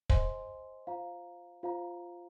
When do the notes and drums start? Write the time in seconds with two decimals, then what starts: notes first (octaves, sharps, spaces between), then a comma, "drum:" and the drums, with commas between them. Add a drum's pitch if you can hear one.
0.09 C5 D#5 G#5 C6, drum: kick
0.87 F4 C5 F5 A#5
1.63 F4 C5 F5 A#5